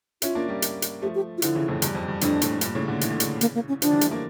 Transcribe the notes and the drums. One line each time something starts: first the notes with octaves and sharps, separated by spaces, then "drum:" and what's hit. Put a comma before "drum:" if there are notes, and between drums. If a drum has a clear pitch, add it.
C#4 E4 F4, drum: hi-hat
A#3 D4
G3 A#3
drum: hi-hat
drum: hi-hat
F3 A3 G4
G4
F4
D3 F3 E4, drum: hi-hat
C#3 E3
F2 A2
E2 G2, drum: hi-hat
F2
E2 G2
F2 A2 D4, drum: hi-hat
F2 A2, drum: hi-hat
G2 A#2, drum: hi-hat
A2 C#3
A#2 D3
E3, drum: hi-hat
D3
C#3 E3, drum: hi-hat
A#3, drum: hi-hat
A#3
C#4
D3 F3 D4, drum: hi-hat
E3 G3
F3 A3, drum: hi-hat
A#3 D4